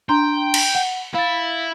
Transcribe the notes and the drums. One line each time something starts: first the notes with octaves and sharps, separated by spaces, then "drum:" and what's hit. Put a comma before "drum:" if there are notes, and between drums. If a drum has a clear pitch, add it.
D4 G5 A#5 C6
drum: cymbal
F#5
E4 F5 A6